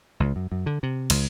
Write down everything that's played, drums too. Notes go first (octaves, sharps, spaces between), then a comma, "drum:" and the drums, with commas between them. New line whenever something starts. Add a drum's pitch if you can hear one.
C#2
F#2
F#2
D3
C3
C#2, drum: cymbal